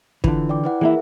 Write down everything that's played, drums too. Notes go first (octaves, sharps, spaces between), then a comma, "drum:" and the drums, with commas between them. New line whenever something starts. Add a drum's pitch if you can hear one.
D3 E3 F4, drum: kick
D5 G5 D6
E4 B4 F#5
E3 A#3 E4 G#4 A#4 E5